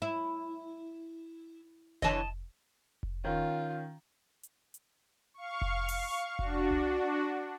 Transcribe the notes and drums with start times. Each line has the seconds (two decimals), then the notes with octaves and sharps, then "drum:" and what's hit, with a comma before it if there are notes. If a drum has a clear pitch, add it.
0.02 E4
2.02 D3 E3 C#5 D#5 A5, drum: kick F1
3.03 drum: kick F1
3.24 D#3 C#4 F4
4.43 drum: hi-hat
4.74 drum: hi-hat
5.34 F5 C#6
5.62 drum: kick F1
5.88 drum: open hi-hat
6.39 D4 F#4, drum: kick F1
6.71 drum: tom C2